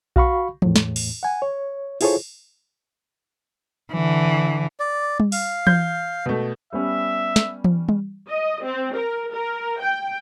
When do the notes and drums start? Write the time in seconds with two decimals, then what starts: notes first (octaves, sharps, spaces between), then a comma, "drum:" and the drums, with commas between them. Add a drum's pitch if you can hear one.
0.16 F#4 F5 B5 C#6, drum: kick B1
0.62 E2 A2, drum: tom E3
0.76 drum: snare
0.96 drum: open hi-hat
1.23 F#5 G#5
1.42 C#5
2.01 E4 F4 G#4 A4 C5 C#5, drum: open hi-hat
3.92 D3 E3
4.80 D5
5.20 drum: tom G3
5.32 F5, drum: open hi-hat
5.67 G6, drum: tom E3
6.26 B2 A3
6.73 G3 B3 C#4 E5
7.36 drum: snare
7.64 drum: tom E3
7.89 drum: tom G3
8.30 D#5
8.63 C4
8.96 A#4
9.33 A#4
9.81 G5